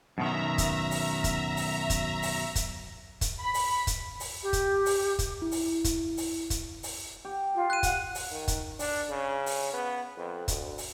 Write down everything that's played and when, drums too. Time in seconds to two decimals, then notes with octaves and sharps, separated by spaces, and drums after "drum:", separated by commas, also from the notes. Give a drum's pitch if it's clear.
0.18 F#2 B2 D#3 E5 A#5
0.58 drum: kick, hi-hat
0.91 drum: open hi-hat
1.24 drum: kick, hi-hat
1.57 drum: open hi-hat
1.90 drum: kick, hi-hat
2.23 drum: open hi-hat
2.55 drum: kick, hi-hat
3.21 drum: kick, hi-hat
3.43 B5
3.54 drum: open hi-hat
3.87 drum: kick, hi-hat
4.20 drum: open hi-hat
4.43 G4
4.53 drum: kick, hi-hat
4.86 drum: open hi-hat
5.19 drum: kick, hi-hat
5.42 E4
5.52 drum: open hi-hat
5.84 drum: kick, hi-hat
6.17 drum: open hi-hat
6.50 drum: kick, hi-hat
6.83 drum: open hi-hat
7.25 G4
7.55 F4
7.70 F#6 D#7
7.83 F#5, drum: kick, hi-hat
8.15 drum: open hi-hat
8.31 D#3
8.48 drum: kick, hi-hat
8.79 D4, drum: open hi-hat
9.09 C#3
9.46 drum: open hi-hat
9.73 B3
10.17 F2
10.48 D2, drum: kick, hi-hat
10.78 drum: open hi-hat